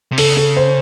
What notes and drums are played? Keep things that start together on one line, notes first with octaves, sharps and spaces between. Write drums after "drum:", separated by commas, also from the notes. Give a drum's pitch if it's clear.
C3
C#3 A4, drum: open hi-hat
A4
C5